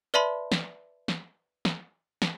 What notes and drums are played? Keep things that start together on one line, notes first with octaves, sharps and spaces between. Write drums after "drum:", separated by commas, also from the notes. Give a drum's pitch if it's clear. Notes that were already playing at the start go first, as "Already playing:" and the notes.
B4 D5 E5 A5 B5 C6
drum: snare
drum: snare
drum: snare
drum: snare